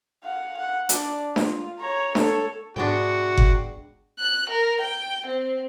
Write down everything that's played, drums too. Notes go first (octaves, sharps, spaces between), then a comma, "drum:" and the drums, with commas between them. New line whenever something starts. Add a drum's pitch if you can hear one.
F5 F#5
F#5
D4 D5, drum: hi-hat
F4, drum: snare D4
C#5 A#5
A4 C#5, drum: snare D4
G#2 G#3 B3 D4 F#4 E5 G5
drum: kick F#1
F#6
A#4
G5
C4